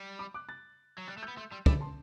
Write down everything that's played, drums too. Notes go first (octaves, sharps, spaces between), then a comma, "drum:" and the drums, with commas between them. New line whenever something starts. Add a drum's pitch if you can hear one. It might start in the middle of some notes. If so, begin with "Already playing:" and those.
Already playing: G3
B5 D6
D6 F#6
F#6 A6
F#3
G3 F#6 A6
A3
E6 G6
B3
A3 C6 E6
G3 C6 E6
A3 B5 D6, drum: kick
A5 C6